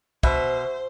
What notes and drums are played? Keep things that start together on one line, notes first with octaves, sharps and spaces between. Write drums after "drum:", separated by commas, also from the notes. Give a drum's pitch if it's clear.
B2 C5 E5, drum: kick